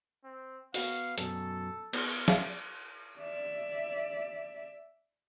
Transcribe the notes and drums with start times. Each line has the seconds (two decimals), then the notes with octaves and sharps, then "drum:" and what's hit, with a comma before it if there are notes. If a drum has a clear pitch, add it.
0.24 C4
0.74 B3 F#4 F5, drum: open hi-hat
1.18 F#2 B2 A4, drum: hi-hat
1.93 B3, drum: cymbal
2.28 D5 E5 F5, drum: snare
3.20 D5 E5